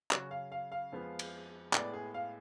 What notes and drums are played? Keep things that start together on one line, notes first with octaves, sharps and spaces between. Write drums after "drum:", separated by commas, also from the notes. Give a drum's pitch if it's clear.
C#3 F#3 C#4 F#4, drum: clap
F5
F5
F5
F2 F3 G#3 B3
drum: cymbal
A2 G#3 B3 D5, drum: clap
G#4
F5